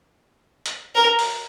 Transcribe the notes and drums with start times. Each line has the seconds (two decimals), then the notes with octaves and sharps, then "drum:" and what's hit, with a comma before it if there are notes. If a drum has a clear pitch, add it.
0.66 drum: hi-hat
0.95 A#4
1.19 drum: open hi-hat